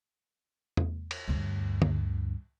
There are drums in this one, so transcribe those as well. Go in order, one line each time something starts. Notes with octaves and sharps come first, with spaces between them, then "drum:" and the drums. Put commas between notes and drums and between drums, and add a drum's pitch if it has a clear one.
drum: tom E2
drum: cymbal
D2 G2
drum: tom D3